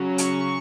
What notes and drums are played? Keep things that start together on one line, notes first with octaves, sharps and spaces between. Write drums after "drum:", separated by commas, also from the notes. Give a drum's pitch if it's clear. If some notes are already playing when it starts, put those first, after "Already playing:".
Already playing: C#3 F#3 C#4
C#6, drum: hi-hat